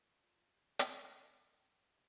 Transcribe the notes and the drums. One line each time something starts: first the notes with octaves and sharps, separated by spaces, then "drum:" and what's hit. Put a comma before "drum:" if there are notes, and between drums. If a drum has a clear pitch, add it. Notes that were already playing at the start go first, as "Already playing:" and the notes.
F4
G4
drum: hi-hat
A3 A4
G4